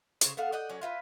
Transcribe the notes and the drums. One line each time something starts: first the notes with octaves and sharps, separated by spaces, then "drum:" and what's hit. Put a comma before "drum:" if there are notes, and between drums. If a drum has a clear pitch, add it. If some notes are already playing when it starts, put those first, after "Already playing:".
C#3 C5 C#5, drum: hi-hat
B3 A4 F5 F#5
D5 D#5 F#5 G5
F#3 C#4 D5
E4 F4 B4